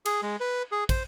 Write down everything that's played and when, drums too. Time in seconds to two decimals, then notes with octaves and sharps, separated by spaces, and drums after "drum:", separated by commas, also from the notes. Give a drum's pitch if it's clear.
0.06 G#4, drum: cymbal
0.22 G#3
0.40 B4
0.72 G#4
0.89 C5, drum: kick, cymbal